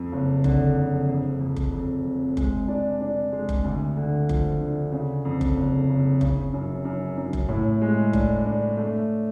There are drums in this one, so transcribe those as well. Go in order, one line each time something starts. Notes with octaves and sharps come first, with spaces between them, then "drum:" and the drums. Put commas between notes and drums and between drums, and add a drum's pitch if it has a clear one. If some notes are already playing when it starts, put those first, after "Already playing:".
Already playing: F2
F#1
D3, drum: kick F#1
F#1
F2
F2
drum: kick F#1
F2
F1
G#3, drum: kick F#1
D4
D4
G#3
drum: kick F#1
D2
D3
F3, drum: kick F#1
D3
C#3
F2
drum: kick F#1
F#1
F#1
C#3, drum: kick F#1
F#2
F#2
F#2
drum: kick F#1
A2
G#3
D4, drum: kick F#1
D4
A3